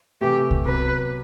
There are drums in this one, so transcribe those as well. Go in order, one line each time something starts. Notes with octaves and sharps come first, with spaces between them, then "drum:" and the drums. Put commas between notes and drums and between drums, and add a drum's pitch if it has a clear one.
C3 E3 A3 G4
drum: kick C2
C3 F#3 B3 B4